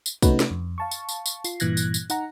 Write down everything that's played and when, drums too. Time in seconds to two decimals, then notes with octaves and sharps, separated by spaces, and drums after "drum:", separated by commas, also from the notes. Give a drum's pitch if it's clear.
0.06 drum: tambourine
0.22 C3 A3 C#4 D#4 F#4 B4, drum: kick, tambourine
0.40 drum: snare
0.51 F2
0.78 F5 A5 C#6
0.91 drum: tambourine
1.09 drum: tambourine
1.26 drum: tambourine
1.44 F4 C7, drum: tambourine
1.60 G2 A#2 E3 F#6 G#6 A#6, drum: tambourine
1.77 drum: tambourine
1.94 drum: tambourine
2.10 D#4 F#5 A#5, drum: tambourine